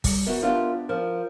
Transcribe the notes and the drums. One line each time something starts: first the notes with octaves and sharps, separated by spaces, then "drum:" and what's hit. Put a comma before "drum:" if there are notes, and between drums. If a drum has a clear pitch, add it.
G3, drum: kick, open hi-hat
B3 F#4 A#4 E5
B3 D4 F4 G4
F3 A#4